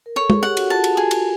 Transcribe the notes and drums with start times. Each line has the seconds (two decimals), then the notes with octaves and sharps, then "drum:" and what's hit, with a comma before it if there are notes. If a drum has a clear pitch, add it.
0.06 A#4
0.16 A4 C#5
0.30 G#4, drum: tom
0.43 G4 F#5
0.57 F#4, drum: cymbal
0.70 F4 A5
0.84 drum: cymbal
0.97 G#4
1.11 drum: cymbal